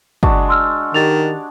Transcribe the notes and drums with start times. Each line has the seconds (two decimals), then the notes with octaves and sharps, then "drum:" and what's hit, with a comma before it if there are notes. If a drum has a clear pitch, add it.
0.23 G#3 D4 F#4, drum: kick
0.49 C6 E6 F6
0.94 D#3 G4 D5 A6 F7